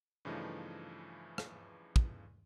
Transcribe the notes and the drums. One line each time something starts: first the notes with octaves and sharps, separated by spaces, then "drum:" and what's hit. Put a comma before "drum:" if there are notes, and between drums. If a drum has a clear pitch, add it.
G2 C#3 E3 F3 A3 D#4
drum: rim click
drum: kick